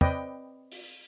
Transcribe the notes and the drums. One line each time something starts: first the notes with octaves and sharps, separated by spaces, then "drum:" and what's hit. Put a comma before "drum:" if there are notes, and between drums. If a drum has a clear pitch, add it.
C4 B4 D5 D#5 G5, drum: tom
drum: open hi-hat